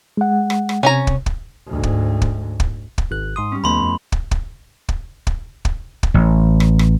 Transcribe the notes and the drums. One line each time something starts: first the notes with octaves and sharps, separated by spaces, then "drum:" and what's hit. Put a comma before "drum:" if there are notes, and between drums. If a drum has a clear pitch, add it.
G#3 F#5
drum: rim click
drum: rim click
C3 C#4 G#5 A#5
drum: kick
drum: kick
D2 G#2
drum: kick
drum: kick
drum: kick
drum: kick
G#1 F#6
G#2 C6 D#6
G3 C#4
D#2 B2 F3 A3 B5 C6
F2
drum: kick
drum: kick
drum: kick
drum: kick
drum: kick
drum: kick
A1
drum: rim click
drum: rim click